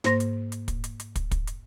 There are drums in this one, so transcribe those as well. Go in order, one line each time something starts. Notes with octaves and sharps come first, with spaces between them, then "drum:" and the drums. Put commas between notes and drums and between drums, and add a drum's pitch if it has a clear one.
G#2 A#3 C5 C6 A#6, drum: snare
drum: hi-hat
drum: hi-hat
drum: kick, hi-hat
drum: hi-hat
drum: hi-hat
drum: kick, hi-hat
drum: kick, hi-hat
drum: hi-hat